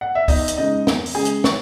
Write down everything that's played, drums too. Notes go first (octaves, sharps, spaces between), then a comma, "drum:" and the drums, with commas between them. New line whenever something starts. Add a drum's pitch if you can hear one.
F#5
E5
E2 D#4 D#5, drum: kick, open hi-hat
drum: hi-hat
C#3 G#3 D#4 D#5
E2, drum: snare
drum: open hi-hat
C#3 G#3 G#4 G#5
drum: hi-hat
C#5 C#6, drum: snare